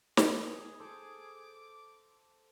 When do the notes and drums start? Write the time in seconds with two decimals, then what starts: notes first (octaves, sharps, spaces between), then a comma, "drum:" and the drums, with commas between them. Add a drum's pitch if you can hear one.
0.17 G#4, drum: snare
0.80 A4 C5 D6